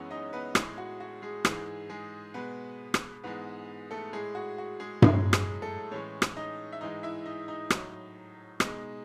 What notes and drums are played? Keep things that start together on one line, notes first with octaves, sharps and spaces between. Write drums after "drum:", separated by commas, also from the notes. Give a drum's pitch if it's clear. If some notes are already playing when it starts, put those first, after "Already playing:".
Already playing: F#2 E3 G#3 B3 C#4 B4 C#5
D#4 D#5
B3 B4
A2 G#3 G#4, drum: rim click
F#4
F#4
G#3 G#4
G#2 E3 G#3 G#4, drum: rim click
G#3 G#4
B2 G#3 B3 B4
drum: rim click
G#2 E3 G#3 B3 B4
A3 A4
A2 G#3 G#4
F#4
F#4
G#3 G#4
A2 F#3 G#3 G#4, drum: tom G2
G#3 G#4, drum: rim click
A3 A4
A2 E3 G#3 C#4 C#5
drum: rim click
D#4 D#5
E5
G#2 E3 G#3 D#4 D#5
E4 E5
D#4 D#5
D#4 D#5
A2 F#3, drum: rim click
B2 G#3 D#4 D#5, drum: rim click